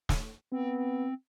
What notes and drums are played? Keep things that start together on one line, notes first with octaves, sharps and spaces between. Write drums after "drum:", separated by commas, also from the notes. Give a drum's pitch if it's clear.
drum: snare
B3 C4